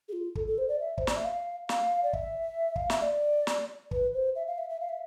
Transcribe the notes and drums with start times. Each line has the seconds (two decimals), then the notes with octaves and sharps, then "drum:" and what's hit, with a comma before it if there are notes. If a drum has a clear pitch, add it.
0.08 G#4
0.12 F4
0.35 A4, drum: kick
0.47 A4
0.58 C5
0.68 D5
0.80 E5
0.98 C5, drum: kick
1.07 D5, drum: snare
1.16 E5
1.24 F5
1.69 F5, drum: snare
2.03 D5
2.13 E5, drum: kick
2.76 F5, drum: kick
2.90 E5, drum: snare
3.02 D5
3.47 drum: snare
3.91 B4, drum: kick
4.14 C5
4.35 E5
4.47 F5
4.58 E5
4.69 E5
4.80 F5
4.89 E5